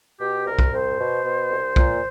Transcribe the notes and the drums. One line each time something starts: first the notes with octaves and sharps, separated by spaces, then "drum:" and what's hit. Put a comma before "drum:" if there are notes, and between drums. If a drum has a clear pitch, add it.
B2 G4
C2 A#4
drum: kick B1
C2 C5
B2
B2
C2
A#2, drum: kick B1